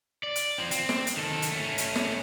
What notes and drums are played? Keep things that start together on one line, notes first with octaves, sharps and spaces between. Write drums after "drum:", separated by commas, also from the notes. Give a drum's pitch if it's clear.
D5
drum: hi-hat
F3 C4
C4, drum: hi-hat
drum: snare
drum: hi-hat
D#3 A4
drum: hi-hat
A3 C#4
drum: hi-hat
drum: snare